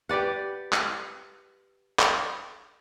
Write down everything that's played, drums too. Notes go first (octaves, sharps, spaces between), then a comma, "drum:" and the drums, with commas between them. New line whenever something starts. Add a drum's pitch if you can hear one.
G4 B4 D5 F#5
drum: clap
drum: clap